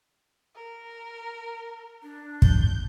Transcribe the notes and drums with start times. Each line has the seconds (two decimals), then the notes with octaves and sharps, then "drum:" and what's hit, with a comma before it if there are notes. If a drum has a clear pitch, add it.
0.56 A#4
2.03 D4
2.42 G6, drum: kick